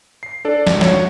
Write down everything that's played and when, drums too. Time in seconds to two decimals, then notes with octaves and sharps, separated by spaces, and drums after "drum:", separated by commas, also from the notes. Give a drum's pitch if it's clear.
0.23 C7
0.45 D4 A4 D5
0.67 drum: snare
0.81 F#4 C#5, drum: snare